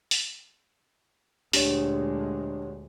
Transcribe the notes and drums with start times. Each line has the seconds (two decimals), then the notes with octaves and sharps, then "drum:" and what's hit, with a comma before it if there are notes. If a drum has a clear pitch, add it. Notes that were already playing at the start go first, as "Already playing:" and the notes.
0.11 drum: open hi-hat
1.53 D2 A#2 G#3 D4 G4 C#5, drum: open hi-hat